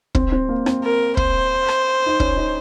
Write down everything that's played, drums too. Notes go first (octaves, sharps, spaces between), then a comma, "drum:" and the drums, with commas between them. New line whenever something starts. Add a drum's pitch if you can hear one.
C4, drum: kick
C4
A#3
C4, drum: rim click
A#4
C5, drum: kick
drum: rim click
D#4
C#4, drum: kick
D#4